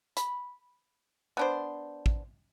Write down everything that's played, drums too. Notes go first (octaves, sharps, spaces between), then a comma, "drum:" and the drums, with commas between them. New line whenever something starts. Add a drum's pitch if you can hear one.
B5, drum: hi-hat
B3 D4 C5
drum: kick